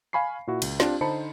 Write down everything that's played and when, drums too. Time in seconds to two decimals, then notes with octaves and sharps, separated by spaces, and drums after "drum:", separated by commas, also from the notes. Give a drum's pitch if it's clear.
0.13 F5 G#5 B5 C#6 C7
0.47 A#2 E4 F#4
0.62 C#2, drum: cymbal
0.80 C4 D4 F4 G4, drum: snare
1.01 D3 D#4 C5 A5 B5 C#7